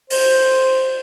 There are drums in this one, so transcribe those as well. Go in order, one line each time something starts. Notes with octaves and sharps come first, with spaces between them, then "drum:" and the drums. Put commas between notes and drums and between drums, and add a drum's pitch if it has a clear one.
C5, drum: open hi-hat